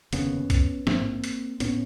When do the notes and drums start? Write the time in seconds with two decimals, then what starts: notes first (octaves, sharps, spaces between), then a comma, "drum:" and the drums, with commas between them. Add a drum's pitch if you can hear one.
0.13 F1 D#2 C#3 B3 C#4, drum: hi-hat
0.50 drum: kick B1, hi-hat
0.87 A1 G#2 A#3 C4, drum: snare
1.24 drum: hi-hat
1.60 A2 B3 C#4, drum: hi-hat